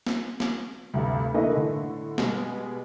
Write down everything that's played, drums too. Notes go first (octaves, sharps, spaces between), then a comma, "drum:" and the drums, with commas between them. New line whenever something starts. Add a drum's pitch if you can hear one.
drum: snare
drum: snare
D2 G2 C3
E3 A3 A#3 D4 E4 D#5
A2 D3
B2 G3 G#3, drum: snare